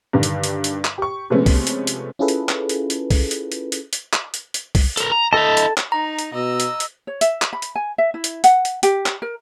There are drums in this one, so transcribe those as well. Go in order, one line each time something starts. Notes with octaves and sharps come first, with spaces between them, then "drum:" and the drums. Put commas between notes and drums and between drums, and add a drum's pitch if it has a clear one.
G2 D3 D#3
drum: hi-hat
drum: hi-hat
drum: hi-hat
drum: clap
G4 C#6
C3 F3 G#3 A3 B3 C#4
drum: kick, open hi-hat
drum: hi-hat
drum: hi-hat
C#4 E4 F4 G#4 A4 B4
drum: hi-hat
drum: clap
drum: hi-hat
drum: hi-hat
drum: kick, open hi-hat
drum: hi-hat
drum: hi-hat
drum: hi-hat
drum: hi-hat
drum: clap
drum: hi-hat
drum: hi-hat
drum: kick, open hi-hat
A4 A#4, drum: hi-hat
A#5
E4 A4 D#5 A5
drum: hi-hat
drum: clap
D#4 A#5
drum: hi-hat
B2 D#5 E6
drum: hi-hat
drum: hi-hat
C#5
E5, drum: hi-hat
drum: clap
B5
drum: hi-hat
G#5
E5
E4
drum: hi-hat
F#5, drum: hi-hat
drum: hi-hat
G4, drum: hi-hat
drum: clap
A#4